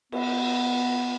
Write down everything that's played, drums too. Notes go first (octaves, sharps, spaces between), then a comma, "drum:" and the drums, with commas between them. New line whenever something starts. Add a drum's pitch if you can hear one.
B3, drum: cymbal